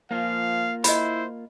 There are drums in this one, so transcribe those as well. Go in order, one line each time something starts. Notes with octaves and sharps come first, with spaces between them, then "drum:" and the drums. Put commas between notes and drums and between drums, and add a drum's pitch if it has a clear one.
F3 A#3 F4 F5
E4 C5 D#5 B5, drum: hi-hat